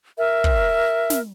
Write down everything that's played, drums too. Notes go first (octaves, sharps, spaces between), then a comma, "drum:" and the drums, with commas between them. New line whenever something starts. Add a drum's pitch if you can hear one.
A#4 E5
drum: kick
drum: snare